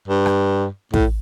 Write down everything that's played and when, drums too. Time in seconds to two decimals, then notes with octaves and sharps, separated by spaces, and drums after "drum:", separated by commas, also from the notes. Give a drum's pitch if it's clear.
0.08 G2
0.26 drum: rim click
0.94 A2, drum: kick